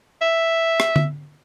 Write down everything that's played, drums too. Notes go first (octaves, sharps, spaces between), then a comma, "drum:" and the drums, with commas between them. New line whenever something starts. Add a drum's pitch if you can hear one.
E5
drum: rim click
drum: tom D3